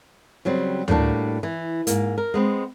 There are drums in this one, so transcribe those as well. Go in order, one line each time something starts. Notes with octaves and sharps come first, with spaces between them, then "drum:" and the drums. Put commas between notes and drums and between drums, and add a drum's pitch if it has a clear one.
C#3 F#3 G3 C4
A2 G3 A#3 D4 F#4, drum: tom D2
E3
G#2 A#3, drum: hi-hat
A#4
G#3 B3 C4